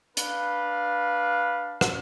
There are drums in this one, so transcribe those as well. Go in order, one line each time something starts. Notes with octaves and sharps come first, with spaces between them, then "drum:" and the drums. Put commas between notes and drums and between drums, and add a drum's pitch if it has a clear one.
D4 B4 F5, drum: hi-hat
drum: rim click